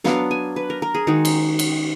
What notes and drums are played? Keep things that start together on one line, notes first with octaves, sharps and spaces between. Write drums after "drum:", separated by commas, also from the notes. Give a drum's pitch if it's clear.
F#3 B3 D4 F5, drum: snare
G#5
B4
A#4
A#4
G#4
D#3 G#3 D#4 F#4
drum: cymbal
drum: cymbal